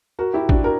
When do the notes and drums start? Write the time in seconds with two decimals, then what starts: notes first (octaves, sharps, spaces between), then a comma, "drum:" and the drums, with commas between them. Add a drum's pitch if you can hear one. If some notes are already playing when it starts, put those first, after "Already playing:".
0.19 F#4 A#4
0.34 E4 G4
0.49 D4 F#4, drum: kick
0.64 F#4 A#4